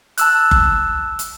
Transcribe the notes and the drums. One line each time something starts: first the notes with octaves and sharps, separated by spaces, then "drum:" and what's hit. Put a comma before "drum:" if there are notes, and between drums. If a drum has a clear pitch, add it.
A5 E6 F#6, drum: hi-hat
drum: kick F#1
drum: hi-hat